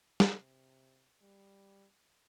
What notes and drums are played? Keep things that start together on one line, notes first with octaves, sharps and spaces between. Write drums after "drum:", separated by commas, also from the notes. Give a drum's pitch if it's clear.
C3, drum: snare
G3